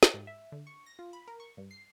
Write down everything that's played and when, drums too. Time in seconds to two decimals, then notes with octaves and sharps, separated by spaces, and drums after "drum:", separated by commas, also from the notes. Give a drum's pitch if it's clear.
0.03 drum: snare
0.14 G#2
0.27 E5
0.52 D3
0.67 C#6
0.86 A#6
0.99 F4
1.13 B5
1.28 A#4
1.40 C#6
1.57 G2
1.71 C7